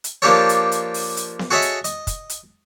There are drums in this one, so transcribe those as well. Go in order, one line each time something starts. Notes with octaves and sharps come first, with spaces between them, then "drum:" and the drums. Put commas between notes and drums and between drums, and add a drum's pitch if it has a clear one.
drum: hi-hat
F3 A#3 D4 G4 A4 C#5
drum: hi-hat
drum: hi-hat
drum: open hi-hat
drum: hi-hat
drum: snare B3
F#4 G#4 A4 C#5 D#5 E5
drum: hi-hat
D#5, drum: hi-hat
drum: kick, hi-hat
drum: hi-hat